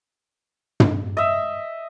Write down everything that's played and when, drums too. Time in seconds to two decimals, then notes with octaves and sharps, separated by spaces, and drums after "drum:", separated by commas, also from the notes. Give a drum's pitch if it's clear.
0.80 drum: tom
1.17 D#5 E5